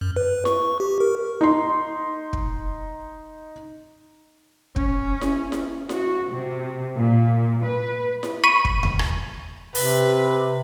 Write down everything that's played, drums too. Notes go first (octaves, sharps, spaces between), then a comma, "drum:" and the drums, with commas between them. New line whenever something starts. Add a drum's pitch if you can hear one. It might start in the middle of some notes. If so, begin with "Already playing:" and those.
F#2
B4
C#6, drum: snare E4
G4
A#4
D#4 C6
drum: kick
C#4, drum: kick
drum: snare E4
drum: snare E4
F#4, drum: snare E4
C3
A#2
B4
drum: snare E4
B5 C#6 D#7
drum: kick
drum: tom D#2
drum: rim click
C3 B4, drum: open hi-hat